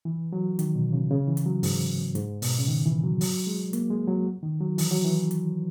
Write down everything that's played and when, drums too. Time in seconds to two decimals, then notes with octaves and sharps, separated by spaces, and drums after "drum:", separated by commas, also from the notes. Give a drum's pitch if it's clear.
0.05 E3
0.33 F#3
0.59 D#3, drum: hi-hat
0.75 B2
0.93 C#3
1.11 C#3
1.28 E3
1.37 drum: hi-hat
1.46 F#3
1.63 G#2, drum: open hi-hat
2.15 G#2, drum: hi-hat
2.42 B2, drum: open hi-hat
2.58 C#3
2.68 D#3
2.86 E3
3.03 F#3
3.21 F#3, drum: open hi-hat
3.47 G#3
3.73 A#3, drum: hi-hat
3.90 G#3
4.08 F#3
4.43 D#3
4.61 F#3
4.78 E3, drum: open hi-hat
4.91 F#3
5.05 E3
5.31 drum: hi-hat